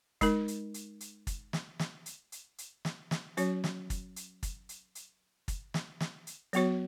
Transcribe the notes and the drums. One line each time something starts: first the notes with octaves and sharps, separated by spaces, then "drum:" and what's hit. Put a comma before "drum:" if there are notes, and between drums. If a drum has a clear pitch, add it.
G#3 D#4 A#4, drum: kick, hi-hat
drum: hi-hat
drum: hi-hat
drum: hi-hat
drum: kick, hi-hat
drum: snare
drum: snare
drum: hi-hat
drum: hi-hat
drum: hi-hat
drum: snare
drum: snare
F#3 C#4 F#4 C#5, drum: hi-hat
drum: snare
drum: kick, hi-hat
drum: hi-hat
drum: kick, hi-hat
drum: hi-hat
drum: hi-hat
drum: kick, hi-hat
drum: snare
drum: snare
drum: hi-hat
F#3 B3 F#4 C#5, drum: hi-hat